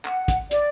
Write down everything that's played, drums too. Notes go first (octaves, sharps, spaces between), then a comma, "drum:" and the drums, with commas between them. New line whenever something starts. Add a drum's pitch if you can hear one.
F#5, drum: clap
drum: kick, hi-hat
D5, drum: hi-hat